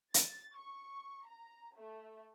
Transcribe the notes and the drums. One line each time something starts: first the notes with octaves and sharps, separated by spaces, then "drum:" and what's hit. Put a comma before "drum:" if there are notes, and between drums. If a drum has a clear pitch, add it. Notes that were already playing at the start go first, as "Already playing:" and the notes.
A6, drum: hi-hat
C#6
A#5
A3